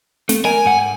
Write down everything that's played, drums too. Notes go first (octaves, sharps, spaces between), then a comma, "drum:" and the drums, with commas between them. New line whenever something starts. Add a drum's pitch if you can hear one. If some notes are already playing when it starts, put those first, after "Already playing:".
A3, drum: snare
A#4 G#5
G#2 F#5